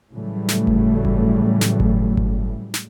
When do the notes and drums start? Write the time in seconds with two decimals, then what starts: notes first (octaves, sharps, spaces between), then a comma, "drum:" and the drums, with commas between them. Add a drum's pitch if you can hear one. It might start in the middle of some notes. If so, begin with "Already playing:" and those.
0.11 A2 C#3 E3 F#3 G3 A3
0.48 drum: snare
0.67 drum: kick G1
1.05 drum: kick G1
1.61 drum: snare
1.80 drum: kick G1
2.17 drum: kick G1
2.74 drum: snare